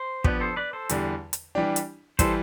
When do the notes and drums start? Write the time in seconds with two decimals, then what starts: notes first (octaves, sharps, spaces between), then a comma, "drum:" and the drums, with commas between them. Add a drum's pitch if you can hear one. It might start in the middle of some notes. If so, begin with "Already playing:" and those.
Already playing: C5
0.24 F3 B3 D4 G4 B4, drum: kick
0.40 A4 C5
0.56 B4 D5
0.73 A4 C5
0.89 E2 D3 G3, drum: hi-hat
1.33 drum: hi-hat
1.55 E3 G3 D4 G4
1.76 drum: hi-hat
2.19 E3 G3 A4 C5, drum: kick, hi-hat